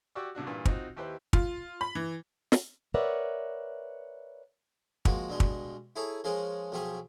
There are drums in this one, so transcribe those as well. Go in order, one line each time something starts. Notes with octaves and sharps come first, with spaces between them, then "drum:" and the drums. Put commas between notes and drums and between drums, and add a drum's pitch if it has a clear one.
F#4 G4 D5 C#6 D6 E6
C2 A2 D4 F#4
G2 A#2 E3
C4 D#4 F4 F#4, drum: kick
D#2 E4 G4 B4 C5
F4, drum: kick
B5
E3
drum: snare
A#4 B4 C#5 D5 E5 F#5
F3 G#3 A#3 F#4, drum: kick
G2 B2 G3 G#3
drum: kick
E4 G#4 A4 C#5 A#5
F3 G#3 C#4 G#4 A#4
B1 F3 G4 G#4 C#6